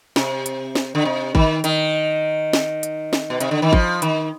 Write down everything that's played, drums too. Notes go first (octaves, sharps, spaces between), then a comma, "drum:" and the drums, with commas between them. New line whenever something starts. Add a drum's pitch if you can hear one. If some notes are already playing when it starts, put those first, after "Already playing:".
C3, drum: snare
drum: hi-hat
drum: snare
D3
C3
D#3, drum: kick G#1
D#3, drum: hi-hat
drum: snare
drum: hi-hat
drum: snare
B2
C3, drum: hi-hat
D3
D#3
F3, drum: kick G#1
D#3, drum: hi-hat